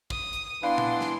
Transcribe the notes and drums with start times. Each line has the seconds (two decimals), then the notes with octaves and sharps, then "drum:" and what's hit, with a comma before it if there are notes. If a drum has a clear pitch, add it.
0.10 D#6, drum: kick
0.33 drum: hi-hat
0.63 E3 B3 D4 F5 C6
0.78 drum: tom A#2
1.01 drum: snare